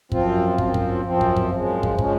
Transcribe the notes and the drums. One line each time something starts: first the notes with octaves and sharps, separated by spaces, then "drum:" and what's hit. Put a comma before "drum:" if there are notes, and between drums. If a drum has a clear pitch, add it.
F#2 F3 C4 F4, drum: kick
F#2 F3 C4, drum: kick
drum: kick
F#2 F3 C4
drum: kick
drum: kick
F#2 C#3 F3 G#3
drum: kick
C#3 F3 G#3 C#4, drum: kick